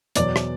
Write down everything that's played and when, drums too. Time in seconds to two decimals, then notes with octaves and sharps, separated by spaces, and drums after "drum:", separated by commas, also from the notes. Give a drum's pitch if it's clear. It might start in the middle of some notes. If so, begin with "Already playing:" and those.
0.16 E2 B2 F#3 D5, drum: hi-hat
0.36 drum: rim click